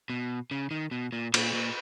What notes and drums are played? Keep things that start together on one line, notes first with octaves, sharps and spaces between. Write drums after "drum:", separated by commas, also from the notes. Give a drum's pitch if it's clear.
B2
C#3
D#3
B2
A#2
A#2, drum: cymbal
A#2